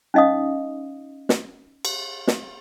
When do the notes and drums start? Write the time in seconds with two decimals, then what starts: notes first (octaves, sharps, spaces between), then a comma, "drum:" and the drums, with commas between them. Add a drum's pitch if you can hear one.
0.14 C#4 D#4 D#5 F5 D#6
1.29 drum: snare
1.85 drum: cymbal
2.27 drum: snare